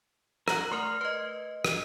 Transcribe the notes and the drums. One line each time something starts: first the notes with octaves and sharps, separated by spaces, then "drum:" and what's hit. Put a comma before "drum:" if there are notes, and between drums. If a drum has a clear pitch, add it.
A#4 F#5, drum: rim click
A3 A#4 C6 F6
B4 D#5
drum: rim click